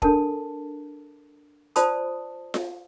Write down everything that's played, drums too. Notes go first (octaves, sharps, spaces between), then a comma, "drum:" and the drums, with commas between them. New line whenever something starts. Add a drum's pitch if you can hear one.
D4 A4 A#4 A5, drum: kick
F4 C5 D5 A5 B5 D#6, drum: hi-hat
drum: snare F4